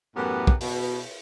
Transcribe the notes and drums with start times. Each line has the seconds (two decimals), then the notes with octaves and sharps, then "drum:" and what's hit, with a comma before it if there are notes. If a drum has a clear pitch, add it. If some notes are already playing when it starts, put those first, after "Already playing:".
0.15 F#2 A2 E3 B3 G4 A#4
0.47 drum: kick
0.61 B2, drum: open hi-hat